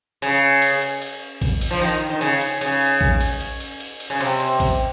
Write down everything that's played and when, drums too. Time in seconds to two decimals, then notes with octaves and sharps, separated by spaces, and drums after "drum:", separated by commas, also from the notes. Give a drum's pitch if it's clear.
0.22 C#3, drum: cymbal
0.62 drum: cymbal
0.82 drum: cymbal
1.02 drum: cymbal
1.42 drum: kick, cymbal
1.61 drum: cymbal
1.71 F3
1.81 D#3, drum: cymbal
2.09 D#3
2.21 C#3, drum: cymbal
2.41 drum: cymbal
2.61 C#3, drum: cymbal
2.81 drum: cymbal
3.01 drum: kick
3.21 drum: cymbal
3.40 drum: cymbal
3.60 drum: cymbal
3.80 drum: cymbal
4.00 drum: cymbal
4.10 C#3
4.20 C3, drum: cymbal
4.40 drum: cymbal
4.60 drum: kick, cymbal